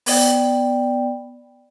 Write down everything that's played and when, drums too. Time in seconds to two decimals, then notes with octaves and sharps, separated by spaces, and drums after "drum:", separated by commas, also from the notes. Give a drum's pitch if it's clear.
0.06 B3 D5 G5, drum: open hi-hat